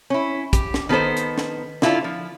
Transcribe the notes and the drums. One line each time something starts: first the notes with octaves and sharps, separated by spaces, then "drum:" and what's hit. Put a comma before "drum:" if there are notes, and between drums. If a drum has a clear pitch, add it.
C#4 E4
G4, drum: kick, hi-hat
drum: snare
D#3 B3 G#4 A4 C5
drum: hi-hat
drum: snare
D3 E4 F4 G4 A4 D5, drum: snare
F3